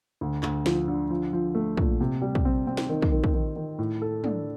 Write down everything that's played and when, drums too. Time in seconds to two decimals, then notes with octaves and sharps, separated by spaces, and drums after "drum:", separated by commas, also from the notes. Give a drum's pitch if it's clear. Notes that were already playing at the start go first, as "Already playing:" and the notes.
0.21 D2
0.43 D2, drum: clap
0.66 F3, drum: snare
0.88 D3
1.10 F3
1.33 F3
1.55 A3
1.77 A#2, drum: kick
2.00 C3
2.22 G3
2.35 drum: kick
2.45 C4
2.67 C4
2.77 drum: snare
2.89 D#3
3.02 drum: kick
3.12 D#3
3.24 drum: kick
3.34 D#3
3.56 D#3
3.79 A2
4.02 A4
4.24 D4, drum: tom